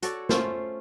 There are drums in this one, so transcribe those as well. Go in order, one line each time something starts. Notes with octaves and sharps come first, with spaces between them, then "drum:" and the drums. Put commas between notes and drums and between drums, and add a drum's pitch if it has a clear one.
F#4 A4 C#5 D5, drum: hi-hat
A3 C#4 F4 C5, drum: snare